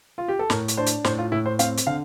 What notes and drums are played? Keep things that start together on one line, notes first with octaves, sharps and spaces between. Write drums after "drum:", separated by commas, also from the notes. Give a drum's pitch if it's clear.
F4
G4
A4
A2 A#4, drum: snare
drum: hi-hat
D4 C5
drum: hi-hat
A2 C5, drum: snare
F4
A2 E4
C5
C4 F5, drum: hi-hat
drum: hi-hat
D3 F5